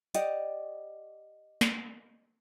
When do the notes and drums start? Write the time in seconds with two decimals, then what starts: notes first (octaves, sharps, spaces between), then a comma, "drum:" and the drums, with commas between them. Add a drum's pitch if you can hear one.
0.15 G4 D5 D#5 F#5, drum: hi-hat
1.61 drum: snare